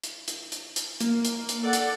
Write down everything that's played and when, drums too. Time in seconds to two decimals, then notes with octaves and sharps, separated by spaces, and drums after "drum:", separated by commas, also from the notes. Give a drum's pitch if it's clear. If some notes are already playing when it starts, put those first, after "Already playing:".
0.03 drum: hi-hat
0.28 drum: hi-hat
0.52 drum: hi-hat
0.76 drum: hi-hat
1.00 A#3, drum: hi-hat
1.25 drum: hi-hat
1.49 drum: hi-hat
1.61 A4 D5 F#5
1.73 drum: hi-hat